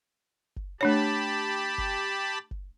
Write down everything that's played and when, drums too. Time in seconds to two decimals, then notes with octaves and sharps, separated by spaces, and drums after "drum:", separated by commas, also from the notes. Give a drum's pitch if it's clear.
0.56 drum: kick F#1
0.81 A3 D4 G4 C#5 A5 B5
1.78 drum: kick F#1
2.51 drum: kick F#1